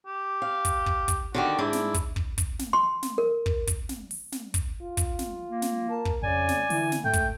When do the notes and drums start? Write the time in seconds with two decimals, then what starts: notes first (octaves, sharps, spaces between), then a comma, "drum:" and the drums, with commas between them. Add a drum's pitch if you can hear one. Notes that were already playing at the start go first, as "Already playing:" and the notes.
0.06 G4
0.42 F5
0.65 drum: kick, hi-hat
0.86 drum: kick
1.08 drum: kick, hi-hat
1.34 D3 D#3 F#4 G4
1.59 G#2 D4 E4
1.73 drum: snare
1.94 drum: kick, hi-hat
2.16 drum: kick
2.38 drum: kick, hi-hat
2.59 drum: snare
2.73 C6
3.03 drum: snare
3.18 A#4
3.46 drum: kick
3.67 drum: kick, hi-hat
3.89 drum: snare
4.11 drum: open hi-hat
4.32 drum: snare
4.54 drum: kick, hi-hat
4.82 F4
4.97 drum: kick, hi-hat
5.19 drum: snare
5.49 A#3
5.62 drum: snare
5.89 A#4 A5
6.05 drum: kick
6.23 F2 C#3 D5 G#5
6.49 drum: snare
6.70 D3 E3, drum: open hi-hat
6.92 drum: snare
7.04 G#2 A3 G5
7.13 drum: kick, hi-hat